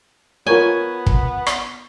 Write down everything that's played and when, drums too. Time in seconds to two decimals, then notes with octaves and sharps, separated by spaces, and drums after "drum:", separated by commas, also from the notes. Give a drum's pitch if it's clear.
0.47 B3 F4 A#4 C#5 G#5
1.07 drum: kick
1.47 drum: rim click